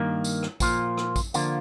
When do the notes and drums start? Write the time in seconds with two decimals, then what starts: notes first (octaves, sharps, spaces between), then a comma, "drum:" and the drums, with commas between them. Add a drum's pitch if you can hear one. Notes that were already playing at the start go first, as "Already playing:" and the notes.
Already playing: G2 D#3 A#3
0.24 drum: tambourine
0.43 drum: rim click
0.60 A#2 F3 A#3 F4, drum: kick, tambourine
0.97 drum: rim click
1.16 drum: kick, tambourine
1.34 D3 F3 A#3 F4, drum: tambourine